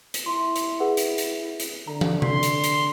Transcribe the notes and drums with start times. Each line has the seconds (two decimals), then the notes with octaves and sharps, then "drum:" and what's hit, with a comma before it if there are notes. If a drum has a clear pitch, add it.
0.14 drum: hi-hat
0.26 E4 C6
0.56 drum: hi-hat
0.80 G#4 B4 F#5
0.97 drum: hi-hat
1.18 drum: hi-hat
1.60 drum: hi-hat
1.87 D3 A#5
2.01 drum: tom
2.22 C6 B6, drum: tom C3
2.43 drum: hi-hat
2.64 drum: hi-hat